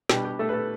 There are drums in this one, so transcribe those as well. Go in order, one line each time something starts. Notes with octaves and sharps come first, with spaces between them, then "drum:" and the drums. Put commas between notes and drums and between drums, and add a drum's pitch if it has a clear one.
B2 G3 D4 G4, drum: snare
G4
A3 A4
B4
A3 A4